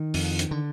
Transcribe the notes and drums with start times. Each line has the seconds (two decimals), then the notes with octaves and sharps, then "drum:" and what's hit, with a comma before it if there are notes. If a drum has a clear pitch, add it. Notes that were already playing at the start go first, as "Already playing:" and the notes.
Already playing: D#3
0.14 F2, drum: open hi-hat
0.39 drum: hi-hat
0.51 D3